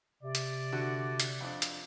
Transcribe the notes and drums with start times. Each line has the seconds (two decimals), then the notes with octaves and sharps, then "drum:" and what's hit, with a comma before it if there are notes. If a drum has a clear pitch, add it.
0.23 C3 D5
0.35 drum: hi-hat
0.72 D3 F#4
1.20 drum: hi-hat
1.41 F2 D4
1.62 drum: hi-hat